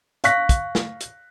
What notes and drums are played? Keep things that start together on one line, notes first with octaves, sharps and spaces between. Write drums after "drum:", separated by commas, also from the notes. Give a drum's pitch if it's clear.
F5 C#6 F#6 A#6 B6, drum: hi-hat
drum: kick, hi-hat
drum: snare
drum: hi-hat